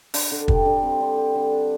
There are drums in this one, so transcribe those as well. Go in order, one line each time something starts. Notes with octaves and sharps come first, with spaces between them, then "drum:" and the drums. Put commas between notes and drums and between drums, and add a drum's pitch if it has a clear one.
D4, drum: open hi-hat
D3
G3, drum: kick
D3
C4
D3
G3
D3
D4